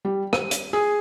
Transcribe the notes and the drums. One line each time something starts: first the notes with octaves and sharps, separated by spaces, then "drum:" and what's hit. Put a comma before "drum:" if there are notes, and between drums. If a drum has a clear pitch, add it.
G3
D#7, drum: rim click
drum: hi-hat
G#4